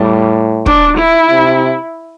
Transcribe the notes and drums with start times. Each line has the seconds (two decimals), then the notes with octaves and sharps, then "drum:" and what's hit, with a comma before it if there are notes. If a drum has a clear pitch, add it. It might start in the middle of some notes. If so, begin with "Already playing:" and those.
Already playing: A2 G3
0.66 D4, drum: kick
0.98 E4
1.30 C3